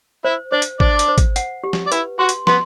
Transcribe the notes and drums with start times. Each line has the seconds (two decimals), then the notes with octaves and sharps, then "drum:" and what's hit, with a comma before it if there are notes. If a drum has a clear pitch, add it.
0.25 E4 C5 E5
0.52 D4 C5 D5
0.62 drum: hi-hat
0.80 D4 C5 D5, drum: kick
0.99 drum: hi-hat
1.08 C5
1.18 drum: kick, hi-hat
1.36 F#5, drum: hi-hat
1.64 G4
1.73 drum: snare
1.87 D5
1.92 E4 B4 E5, drum: hi-hat
2.19 F#4 F#5 C6
2.29 drum: hi-hat
2.47 B3 B4 C6, drum: snare